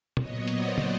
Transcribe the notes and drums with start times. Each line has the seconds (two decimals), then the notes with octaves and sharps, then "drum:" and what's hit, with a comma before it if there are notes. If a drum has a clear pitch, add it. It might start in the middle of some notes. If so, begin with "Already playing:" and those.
0.17 A#2 F#3 B3 C#5 D#5, drum: tom
0.47 C5 D5, drum: hi-hat
0.78 drum: tom